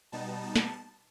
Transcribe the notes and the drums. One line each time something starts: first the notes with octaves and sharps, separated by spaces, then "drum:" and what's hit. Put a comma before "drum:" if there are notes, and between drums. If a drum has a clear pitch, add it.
B2 G3 B3 D#4 A5
A5
drum: snare